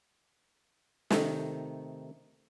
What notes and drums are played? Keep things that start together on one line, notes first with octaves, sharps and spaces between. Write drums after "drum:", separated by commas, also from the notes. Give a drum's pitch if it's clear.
C3 D#3 A3 D#4, drum: snare